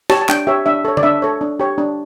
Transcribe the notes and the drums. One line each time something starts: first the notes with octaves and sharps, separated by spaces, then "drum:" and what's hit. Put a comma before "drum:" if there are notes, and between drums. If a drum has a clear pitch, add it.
G4 C#5 A5, drum: snare
A5
D4 G5, drum: clap
G4 C#5 E5
D4 E5
A4 C#5
D5, drum: tom D3
D4 E5
A4 C#5
D4
G4 C#5
D4